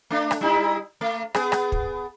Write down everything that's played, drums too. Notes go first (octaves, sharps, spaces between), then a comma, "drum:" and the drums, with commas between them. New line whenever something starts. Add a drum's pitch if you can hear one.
A3 D4
drum: rim click
G3 D#4 E4
A3
B3 G#4, drum: rim click
drum: rim click
drum: kick